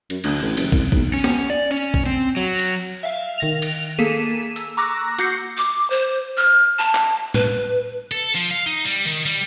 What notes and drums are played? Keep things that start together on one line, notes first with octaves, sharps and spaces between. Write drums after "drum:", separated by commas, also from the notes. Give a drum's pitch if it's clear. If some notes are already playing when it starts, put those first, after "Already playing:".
F#2, drum: hi-hat
D2, drum: cymbal
A1
F#1, drum: cymbal
C2, drum: kick
B1, drum: kick
C#4
drum: snare
D5
C#4
drum: kick
C4
F#3
drum: cymbal
E5 F5
D#3 A#6 F7
drum: cymbal
A#3 G#4 A4 B6 D#7 E7
E6, drum: hi-hat
A#5 C#6 D6 E6 F#6 A#6
F#4 F#5 D6 G6 C7 C#7, drum: hi-hat
D6
C5
F6
A5
drum: clap
B4, drum: tom A2
A4
F3
F5
D#4
G3
D#3
G3